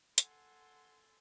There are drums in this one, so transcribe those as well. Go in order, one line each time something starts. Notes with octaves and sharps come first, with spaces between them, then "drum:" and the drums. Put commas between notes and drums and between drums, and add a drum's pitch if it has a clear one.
A4 F#5 G#5 C6, drum: hi-hat